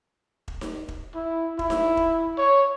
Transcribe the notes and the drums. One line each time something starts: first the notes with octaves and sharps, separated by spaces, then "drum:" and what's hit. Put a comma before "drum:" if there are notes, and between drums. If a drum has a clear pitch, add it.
drum: kick E1
drum: snare D#4
drum: kick E1
E4
E4, drum: kick E1
drum: snare D#4
drum: kick E1
C#5